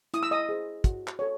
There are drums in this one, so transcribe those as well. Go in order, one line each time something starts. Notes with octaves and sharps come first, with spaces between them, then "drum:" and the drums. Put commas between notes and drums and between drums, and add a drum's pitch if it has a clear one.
E4 D#6, drum: hi-hat
E6
D#5 D#6
G#4 C5
F#4, drum: kick, hi-hat
drum: clap
A4 C#5